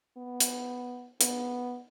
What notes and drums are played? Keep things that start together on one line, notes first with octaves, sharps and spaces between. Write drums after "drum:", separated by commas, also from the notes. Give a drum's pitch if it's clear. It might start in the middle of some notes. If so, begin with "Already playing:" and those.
B3
drum: hi-hat
B3, drum: hi-hat